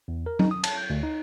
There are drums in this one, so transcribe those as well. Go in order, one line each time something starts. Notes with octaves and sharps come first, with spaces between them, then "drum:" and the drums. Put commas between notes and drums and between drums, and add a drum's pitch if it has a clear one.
E2
A#4
D#4, drum: tom F#3
D#6
A5, drum: cymbal
G6
D2
D#4